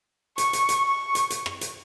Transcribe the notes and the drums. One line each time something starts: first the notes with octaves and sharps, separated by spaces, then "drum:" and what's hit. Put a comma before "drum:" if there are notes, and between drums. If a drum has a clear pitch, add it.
C#6, drum: hi-hat
drum: hi-hat
drum: hi-hat
C#6
drum: hi-hat
drum: hi-hat
drum: rim click
drum: hi-hat